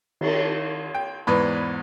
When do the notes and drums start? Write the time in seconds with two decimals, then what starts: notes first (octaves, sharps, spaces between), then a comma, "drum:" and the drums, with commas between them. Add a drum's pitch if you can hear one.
0.21 D#3, drum: cymbal
0.95 G5
1.27 E2 G#2 E3 B4 D5 B5